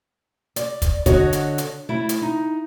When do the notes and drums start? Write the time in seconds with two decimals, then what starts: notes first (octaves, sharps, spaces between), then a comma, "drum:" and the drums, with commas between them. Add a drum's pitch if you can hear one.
0.56 D5, drum: hi-hat
0.82 drum: kick, hi-hat
1.06 D3 F#4 C#5 D#5, drum: kick, hi-hat
1.33 drum: hi-hat
1.58 drum: hi-hat
1.89 A3 E4
2.09 drum: hi-hat
2.22 D#4